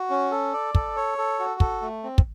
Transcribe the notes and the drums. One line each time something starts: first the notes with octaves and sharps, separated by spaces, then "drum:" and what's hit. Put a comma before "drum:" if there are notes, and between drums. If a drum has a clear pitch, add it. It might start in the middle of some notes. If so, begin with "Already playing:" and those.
Already playing: F#4
C#4
A4
D5
A4, drum: kick
C#5
A4
F#4
A4, drum: kick
A3
C4
drum: kick